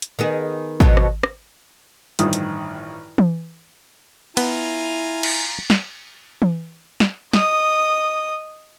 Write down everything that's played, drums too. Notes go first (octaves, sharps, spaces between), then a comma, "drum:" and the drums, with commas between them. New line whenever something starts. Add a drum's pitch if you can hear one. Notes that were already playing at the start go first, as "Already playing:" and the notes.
drum: hi-hat
D#3 B3 G#4
F2 B2 F#3, drum: kick
drum: rim click
drum: rim click
A1 G2 D#3 F3 D#6, drum: hi-hat
drum: hi-hat
drum: tom E3
B3 E4 F4 G#5 A#5, drum: cymbal
drum: cymbal
drum: snare
drum: tom E3
drum: snare
D#5 D#6, drum: snare